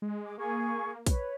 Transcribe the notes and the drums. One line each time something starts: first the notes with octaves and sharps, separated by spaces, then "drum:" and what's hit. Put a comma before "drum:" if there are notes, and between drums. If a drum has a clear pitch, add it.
G#3
G#4 D6
A#3 G#4 C#6
B4 C#5, drum: kick, hi-hat